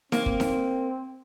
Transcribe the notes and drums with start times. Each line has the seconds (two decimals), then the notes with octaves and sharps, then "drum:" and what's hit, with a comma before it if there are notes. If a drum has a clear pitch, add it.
0.12 A#3 C4, drum: snare D#4
0.26 drum: kick
0.40 drum: snare D#4